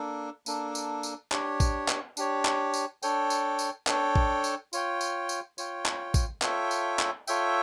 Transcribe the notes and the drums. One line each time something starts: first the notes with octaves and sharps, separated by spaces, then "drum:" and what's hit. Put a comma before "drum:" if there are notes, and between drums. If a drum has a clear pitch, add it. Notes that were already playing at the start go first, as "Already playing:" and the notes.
Already playing: A#3 D4 A4
A#3 D4 A4, drum: tambourine
drum: tambourine
drum: tambourine
D4 G4 C#5, drum: clap
drum: kick A1, tambourine
drum: clap
D4 G4 C#5, drum: tambourine
drum: clap
drum: tambourine
D4 A4 C#5 G5, drum: tambourine
drum: tambourine
drum: tambourine
D4 A4 C#5 G5, drum: clap
drum: kick A1
drum: tambourine
F4 C#5 G5, drum: tambourine
drum: tambourine
drum: tambourine
F4 C#5 G5, drum: tambourine
drum: clap
drum: kick A1, tambourine
F4 A4 C#5 E5 G5, drum: clap
drum: tambourine
drum: clap
F4 A4 C#5 E5 G5, drum: tambourine